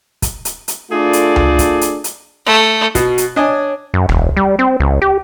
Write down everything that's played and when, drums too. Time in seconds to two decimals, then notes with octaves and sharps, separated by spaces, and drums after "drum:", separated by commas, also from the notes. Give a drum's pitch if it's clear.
0.22 drum: kick, hi-hat
0.45 drum: hi-hat
0.68 drum: hi-hat
0.91 A3 D4 F4 G#4 A4 D5
1.13 drum: hi-hat
1.36 drum: tom C#2
1.59 drum: kick, hi-hat
1.81 drum: hi-hat
2.04 drum: hi-hat
2.46 A3
2.95 B2 F#4, drum: kick, hi-hat
3.18 drum: hi-hat
3.36 D4 C#5 D#5 G#5
3.94 F#2
4.09 E1, drum: tom C#2
4.36 G3
4.59 C4
4.80 C#2
5.02 G4